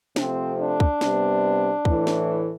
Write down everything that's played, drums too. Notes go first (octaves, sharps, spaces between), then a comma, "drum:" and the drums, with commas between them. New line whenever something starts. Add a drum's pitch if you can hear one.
C3 F3 A3 C4, drum: snare
D4
drum: kick
C3 G3 B3, drum: snare
A2 E3 A3, drum: kick
drum: snare